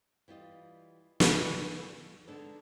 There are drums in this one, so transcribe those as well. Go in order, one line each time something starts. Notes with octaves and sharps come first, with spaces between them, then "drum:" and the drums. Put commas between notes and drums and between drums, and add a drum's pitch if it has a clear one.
E3 G3 F4 D#5
G#4, drum: snare
D3 G#3 B3 D4 D#4 A4